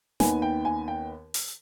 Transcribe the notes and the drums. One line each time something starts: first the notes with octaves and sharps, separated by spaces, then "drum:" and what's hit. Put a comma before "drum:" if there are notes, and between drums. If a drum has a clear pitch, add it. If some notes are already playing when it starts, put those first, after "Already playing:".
D#2 D#3 B3 G#5, drum: snare
G5
G#5
G5
drum: open hi-hat